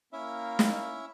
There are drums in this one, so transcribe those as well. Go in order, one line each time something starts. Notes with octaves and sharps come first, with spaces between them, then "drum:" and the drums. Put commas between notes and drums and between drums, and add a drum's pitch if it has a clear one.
A#3 C#4 E4 E5
drum: snare